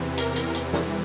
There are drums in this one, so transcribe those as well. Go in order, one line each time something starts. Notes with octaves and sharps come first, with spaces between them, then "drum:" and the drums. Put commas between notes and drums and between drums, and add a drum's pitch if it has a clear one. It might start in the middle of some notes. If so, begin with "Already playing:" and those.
Already playing: E2 C3 E3
A#4, drum: hi-hat
drum: hi-hat
drum: hi-hat
drum: snare